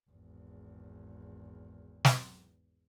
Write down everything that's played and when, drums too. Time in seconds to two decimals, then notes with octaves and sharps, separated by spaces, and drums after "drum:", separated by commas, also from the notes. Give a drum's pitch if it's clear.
0.10 G#1 E2
2.05 drum: snare